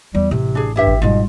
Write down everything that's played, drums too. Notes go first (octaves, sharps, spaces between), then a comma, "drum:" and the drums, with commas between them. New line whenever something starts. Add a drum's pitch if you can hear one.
E2 G3
A1 C3
D4 G#4
G2 E4 G4 E5
drum: kick G#1
G#2 B2 G3 F4